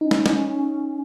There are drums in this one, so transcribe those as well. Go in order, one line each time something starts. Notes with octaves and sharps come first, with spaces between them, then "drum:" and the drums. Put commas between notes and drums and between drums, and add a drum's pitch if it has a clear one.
C#4 D#4
drum: snare
drum: snare